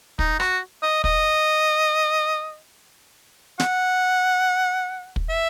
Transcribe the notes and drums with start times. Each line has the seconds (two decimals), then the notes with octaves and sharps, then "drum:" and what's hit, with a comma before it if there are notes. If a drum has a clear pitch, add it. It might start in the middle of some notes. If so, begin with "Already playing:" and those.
0.19 D#4, drum: kick
0.40 F#4, drum: rim click
0.83 D#5
1.04 D#5, drum: kick
3.60 F#5, drum: snare
5.16 drum: kick
5.30 E5